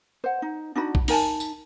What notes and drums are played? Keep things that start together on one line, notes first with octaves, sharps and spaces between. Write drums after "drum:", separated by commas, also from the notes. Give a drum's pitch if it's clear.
C5 F#5
D#4
D4 D#4 F#4 B5
drum: kick A#1
D#4 A#4 G#5 A5, drum: open hi-hat
drum: tambourine